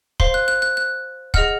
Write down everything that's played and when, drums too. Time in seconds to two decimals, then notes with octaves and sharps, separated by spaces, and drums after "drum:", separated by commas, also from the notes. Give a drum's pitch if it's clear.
0.20 C5 F5 C6, drum: kick
0.34 F#6
0.48 F#6
0.62 F#6
0.77 F#6
1.34 G#4 D#5 F#5 F6, drum: kick